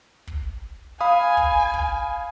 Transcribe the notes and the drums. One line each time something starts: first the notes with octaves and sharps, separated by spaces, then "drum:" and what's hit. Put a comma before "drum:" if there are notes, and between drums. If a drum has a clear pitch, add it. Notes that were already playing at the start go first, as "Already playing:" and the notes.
drum: kick
F5 G#5 B5 D#6
drum: kick
drum: kick